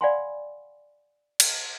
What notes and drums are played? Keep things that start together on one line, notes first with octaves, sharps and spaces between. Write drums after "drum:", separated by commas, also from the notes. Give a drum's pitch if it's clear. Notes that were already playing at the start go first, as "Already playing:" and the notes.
D5 F5 F#5 G#5 B5 C6
drum: cymbal